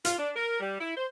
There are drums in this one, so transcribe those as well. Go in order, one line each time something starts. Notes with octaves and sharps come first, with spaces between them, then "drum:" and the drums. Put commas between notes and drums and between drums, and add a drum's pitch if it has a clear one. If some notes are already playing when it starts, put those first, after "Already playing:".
F4, drum: hi-hat
D4
A#4
G3
E4
C5